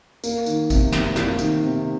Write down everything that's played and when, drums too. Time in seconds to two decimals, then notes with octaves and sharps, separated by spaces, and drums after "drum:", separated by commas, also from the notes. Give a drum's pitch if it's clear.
0.24 A#3, drum: tambourine
0.46 D#3, drum: tambourine
0.70 C3, drum: kick A1, tambourine
0.92 C3, drum: snare
1.16 A#3, drum: snare
1.39 D#3, drum: tambourine
1.62 C3